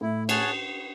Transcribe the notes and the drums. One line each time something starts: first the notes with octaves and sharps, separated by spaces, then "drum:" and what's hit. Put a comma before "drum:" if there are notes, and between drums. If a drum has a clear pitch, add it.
A2 E4
G#4 C#5 F#5 A5, drum: cymbal